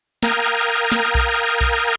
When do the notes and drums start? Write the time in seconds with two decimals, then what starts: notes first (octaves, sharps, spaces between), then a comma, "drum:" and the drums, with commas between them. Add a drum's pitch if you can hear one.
0.23 A#4 F5 G5 A#5 D#6 G#6, drum: snare
0.46 drum: hi-hat
0.69 drum: hi-hat
0.92 drum: snare
1.15 drum: kick B1
1.38 drum: hi-hat
1.61 drum: kick B1, hi-hat